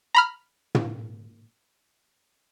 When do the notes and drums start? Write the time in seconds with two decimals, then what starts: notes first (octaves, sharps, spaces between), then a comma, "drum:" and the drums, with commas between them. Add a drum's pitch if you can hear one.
0.15 A#5 B5 F6
0.75 drum: tom